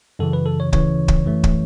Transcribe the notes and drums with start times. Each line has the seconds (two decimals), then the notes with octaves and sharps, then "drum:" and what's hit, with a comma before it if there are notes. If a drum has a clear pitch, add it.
0.19 F#2 C#3 E3 A4
0.33 B4
0.46 A4
0.60 C#5
0.73 D2 C#3 E3 C#5, drum: kick
1.08 drum: kick
1.25 F#2 E3 A3
1.44 drum: kick